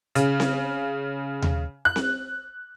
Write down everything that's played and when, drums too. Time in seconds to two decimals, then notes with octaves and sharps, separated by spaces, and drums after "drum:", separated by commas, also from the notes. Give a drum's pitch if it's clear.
0.15 C#3, drum: hi-hat
0.40 drum: snare C4
1.42 drum: tom D#2
1.85 F#6
1.96 drum: snare C4